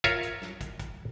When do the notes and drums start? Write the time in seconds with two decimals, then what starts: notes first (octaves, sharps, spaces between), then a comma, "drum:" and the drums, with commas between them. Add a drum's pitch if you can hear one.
0.04 F4 A#4 C#5 E5, drum: kick, hi-hat
0.23 drum: hi-hat
0.42 drum: snare
0.61 drum: kick, hi-hat
0.79 drum: kick, hi-hat